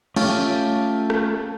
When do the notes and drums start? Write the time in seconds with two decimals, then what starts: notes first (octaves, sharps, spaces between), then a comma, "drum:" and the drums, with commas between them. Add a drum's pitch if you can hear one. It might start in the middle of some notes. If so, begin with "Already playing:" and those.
0.16 A3 C#4 F4 G4, drum: cymbal
1.10 drum: rim click